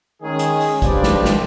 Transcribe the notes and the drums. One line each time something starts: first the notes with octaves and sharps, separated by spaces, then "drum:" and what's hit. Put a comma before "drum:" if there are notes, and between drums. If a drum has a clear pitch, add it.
D#3 G#3 C#4 G#4
drum: hi-hat
drum: open hi-hat
D4 F4 G4 B4 C5 D5, drum: kick, hi-hat
drum: snare
drum: snare